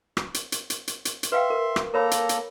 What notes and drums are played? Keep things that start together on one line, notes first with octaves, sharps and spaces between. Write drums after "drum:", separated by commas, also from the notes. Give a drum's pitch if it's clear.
drum: rim click
drum: hi-hat
drum: hi-hat
drum: hi-hat
drum: hi-hat
drum: hi-hat
drum: hi-hat
B4 E5 F5 G5 C6
A#4
drum: rim click
A#3 A4 A#4 C#5 A#5 B5
drum: hi-hat
drum: hi-hat